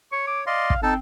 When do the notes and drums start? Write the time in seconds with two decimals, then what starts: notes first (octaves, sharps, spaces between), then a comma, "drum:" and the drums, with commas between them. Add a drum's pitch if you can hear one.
0.12 C#5 C#6
0.27 D6
0.47 D5 D#5 F5 C6
0.70 drum: kick
0.83 C4 D#4 A4 A5